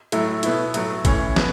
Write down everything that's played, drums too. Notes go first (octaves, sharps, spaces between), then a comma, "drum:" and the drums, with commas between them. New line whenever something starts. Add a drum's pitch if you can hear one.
A2 F#3 A3 E4, drum: hi-hat
B2 B3 E4, drum: hi-hat
A2 F#3 A3, drum: hi-hat
A2 E3 C#4, drum: kick, hi-hat
B2 B3, drum: snare